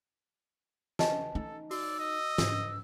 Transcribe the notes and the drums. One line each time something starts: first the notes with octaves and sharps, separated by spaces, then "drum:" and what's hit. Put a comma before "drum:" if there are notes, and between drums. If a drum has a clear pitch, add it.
D#5 G#5 A5, drum: snare
D#4 A4
F#4 D5 E6, drum: open hi-hat
D#5
G#2, drum: snare